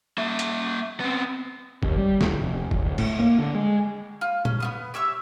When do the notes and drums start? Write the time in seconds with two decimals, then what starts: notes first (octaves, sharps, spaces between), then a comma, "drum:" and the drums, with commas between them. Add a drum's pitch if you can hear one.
0.18 A#3 E5
0.39 drum: hi-hat
1.00 B3 C4
1.83 D#2, drum: kick
1.98 G3
2.21 D1, drum: snare
2.40 F1
2.71 D1, drum: kick
2.98 A2, drum: cymbal
3.20 A#3
3.39 D3
3.55 G#3
4.21 F4
4.45 C#4, drum: tom A#2
4.60 B3 F4 D#6
4.94 G4 C#5 E5 E6